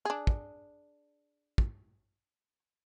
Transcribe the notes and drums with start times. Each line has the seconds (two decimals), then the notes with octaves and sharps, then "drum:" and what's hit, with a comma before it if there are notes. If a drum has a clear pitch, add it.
0.05 D4 G#4
0.27 drum: kick
1.58 drum: kick